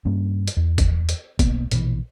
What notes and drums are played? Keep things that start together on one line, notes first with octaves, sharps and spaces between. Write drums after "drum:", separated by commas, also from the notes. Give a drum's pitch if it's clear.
G2 G3 A#3 C#4
drum: hi-hat
E2
drum: kick, hi-hat
drum: hi-hat
B1 A#3 B3, drum: kick, hi-hat
A#1 B2 D#3 E3, drum: hi-hat